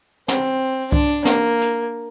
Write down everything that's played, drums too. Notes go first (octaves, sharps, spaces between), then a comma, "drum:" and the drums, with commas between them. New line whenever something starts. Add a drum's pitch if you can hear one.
C4, drum: snare
D4, drum: kick C2
A#3, drum: snare
drum: hi-hat